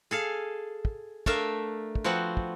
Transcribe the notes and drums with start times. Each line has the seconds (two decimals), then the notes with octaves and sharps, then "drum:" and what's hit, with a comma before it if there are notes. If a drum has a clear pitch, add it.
0.11 G#4 A4 F5
0.85 drum: kick
1.26 A3 D4 A#4 E5 F5, drum: kick
1.95 drum: kick
2.04 F3 B3 C4 F#4
2.37 drum: kick